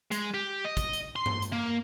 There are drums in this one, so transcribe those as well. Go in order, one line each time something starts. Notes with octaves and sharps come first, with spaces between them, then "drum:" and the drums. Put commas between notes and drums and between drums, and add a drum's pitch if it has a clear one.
G#3, drum: hi-hat
G4
D#5
drum: kick, hi-hat
drum: hi-hat
C6
drum: tom G2
drum: hi-hat
A#3